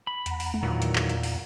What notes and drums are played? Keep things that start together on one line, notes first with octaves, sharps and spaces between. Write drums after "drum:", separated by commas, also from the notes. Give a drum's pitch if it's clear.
B5
E2 F#5 A#5, drum: hi-hat
drum: open hi-hat
drum: tom G#3
A#2 D#3 E3 F#3
drum: hi-hat
drum: clap
drum: hi-hat
drum: open hi-hat